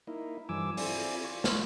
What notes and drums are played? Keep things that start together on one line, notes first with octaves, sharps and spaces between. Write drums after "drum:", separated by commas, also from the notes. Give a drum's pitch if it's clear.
A#3 D#4 E4
G2 E3 F3 G#5 D6 E6
C4 E4 F4 D5 G#5, drum: open hi-hat
F4 C#6
drum: snare